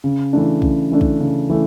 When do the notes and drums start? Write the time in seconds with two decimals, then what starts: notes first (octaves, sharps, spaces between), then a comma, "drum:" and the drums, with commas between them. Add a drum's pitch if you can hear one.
0.04 C#3
0.33 E3 A3 D4
0.62 C#3, drum: kick
0.91 E3 A3 D4
1.01 drum: kick
1.20 C#3
1.50 E3 A3